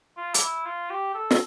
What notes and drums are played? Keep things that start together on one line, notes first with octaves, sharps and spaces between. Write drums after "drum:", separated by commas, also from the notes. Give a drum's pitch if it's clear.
F4
D4, drum: hi-hat
E4
F4
G4
A4
drum: snare